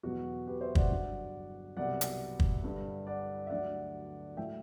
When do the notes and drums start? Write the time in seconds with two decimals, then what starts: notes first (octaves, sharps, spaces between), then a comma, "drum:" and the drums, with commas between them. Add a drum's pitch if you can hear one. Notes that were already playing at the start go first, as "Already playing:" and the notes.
0.03 E2 B2 F#3 F#4
0.47 G4 B4
0.61 C5 E5
0.75 D5 F#5, drum: kick
0.90 G2 D3 F#3
1.77 C2 B2 F#3 D5 F#5
2.01 drum: hi-hat
2.40 drum: kick
2.63 G2 D3 G3
3.07 D5 F#5
3.47 E5
3.50 D2 D3 F#3 D5 F#5
4.37 A2 F#3 E5 G5